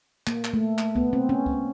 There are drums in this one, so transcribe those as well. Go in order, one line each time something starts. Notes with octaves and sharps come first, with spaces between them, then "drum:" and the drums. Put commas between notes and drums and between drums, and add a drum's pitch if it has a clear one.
A#3, drum: clap
drum: clap
A3
drum: clap
B3, drum: kick
C4
C#4
drum: kick